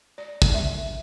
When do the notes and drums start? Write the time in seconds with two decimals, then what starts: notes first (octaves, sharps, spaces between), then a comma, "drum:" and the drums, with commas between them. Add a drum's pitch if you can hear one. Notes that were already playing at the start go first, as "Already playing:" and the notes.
0.18 D5
0.42 drum: kick
0.54 E5